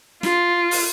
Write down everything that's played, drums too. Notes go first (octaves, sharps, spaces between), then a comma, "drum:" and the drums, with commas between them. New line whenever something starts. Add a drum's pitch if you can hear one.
F4, drum: snare
drum: open hi-hat